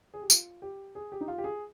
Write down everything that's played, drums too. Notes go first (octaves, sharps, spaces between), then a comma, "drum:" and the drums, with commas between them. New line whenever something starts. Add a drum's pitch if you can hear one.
G#4
G4
F4, drum: tambourine
G4
G#4
G4
D#4
F4
G4
G#4